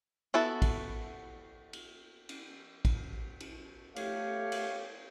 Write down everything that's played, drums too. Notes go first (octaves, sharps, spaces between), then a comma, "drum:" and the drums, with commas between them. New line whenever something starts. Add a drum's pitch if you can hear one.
B3 E4 F#4 A4
drum: kick, cymbal
drum: cymbal
drum: cymbal
drum: kick, cymbal
drum: cymbal
A3 G4 C#5 F5, drum: cymbal
drum: cymbal